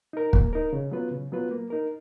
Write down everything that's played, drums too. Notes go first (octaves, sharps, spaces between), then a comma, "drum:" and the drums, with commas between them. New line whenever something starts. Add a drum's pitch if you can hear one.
D#4 A#4
A#3, drum: kick
D#4 A#4
C#3
F#3 B3 F4 B4
C#3
F#3 B3 F4 B4
A#3
D#4 A#4